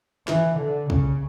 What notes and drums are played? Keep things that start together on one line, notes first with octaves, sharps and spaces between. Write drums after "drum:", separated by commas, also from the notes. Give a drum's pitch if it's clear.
E3, drum: snare
D3
C#3, drum: kick